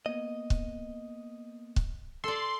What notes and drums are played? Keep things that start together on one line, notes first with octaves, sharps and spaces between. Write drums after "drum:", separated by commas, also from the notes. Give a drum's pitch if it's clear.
A#3 B3 D#5
drum: kick C#1
drum: kick C#1
A4 D5 C6